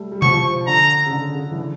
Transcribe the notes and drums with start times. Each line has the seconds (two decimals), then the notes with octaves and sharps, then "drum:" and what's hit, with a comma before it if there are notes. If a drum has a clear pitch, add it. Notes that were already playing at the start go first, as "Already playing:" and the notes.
Already playing: G3 A3
0.12 G3
0.22 F3 C#6, drum: tom B2
0.33 F3
0.45 F3
0.67 D3 A#5
1.06 C#3
1.12 D3
1.35 C#3
1.51 E3
1.57 D3